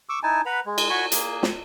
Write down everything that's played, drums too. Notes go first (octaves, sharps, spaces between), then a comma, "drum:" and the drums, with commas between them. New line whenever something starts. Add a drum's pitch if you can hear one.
C#6 D6 E6
D#4 E4 G#5 A5
B4 F#5 A#5 B5
G#3
drum: cymbal
F#4 G#5 B5 C#6
A#3 G#4, drum: hi-hat
drum: snare